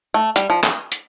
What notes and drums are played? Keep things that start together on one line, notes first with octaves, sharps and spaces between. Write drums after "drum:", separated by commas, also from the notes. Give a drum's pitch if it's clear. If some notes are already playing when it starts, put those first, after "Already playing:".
A3
G3, drum: hi-hat
F3
drum: clap
drum: hi-hat